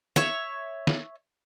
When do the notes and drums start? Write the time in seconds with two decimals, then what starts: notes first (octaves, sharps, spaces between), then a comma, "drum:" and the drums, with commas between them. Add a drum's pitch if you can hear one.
0.16 C#5 E5 C#6, drum: snare
0.87 drum: snare